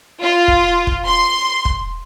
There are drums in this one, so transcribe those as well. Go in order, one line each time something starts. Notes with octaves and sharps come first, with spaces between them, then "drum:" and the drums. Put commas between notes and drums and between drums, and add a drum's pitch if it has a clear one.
F4
drum: kick
drum: kick
C6
drum: kick